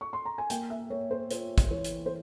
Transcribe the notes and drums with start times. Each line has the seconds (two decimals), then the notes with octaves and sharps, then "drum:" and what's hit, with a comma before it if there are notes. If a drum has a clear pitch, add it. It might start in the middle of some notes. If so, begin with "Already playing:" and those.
0.01 C#6
0.13 C6
0.25 A#5
0.38 G#5
0.50 A#3 G5, drum: hi-hat
0.70 E5
0.90 A#3 C#5
1.11 C5
1.31 F4 C5, drum: hi-hat
1.58 drum: kick, hi-hat
1.71 E3 C#5
1.85 drum: hi-hat
2.06 C5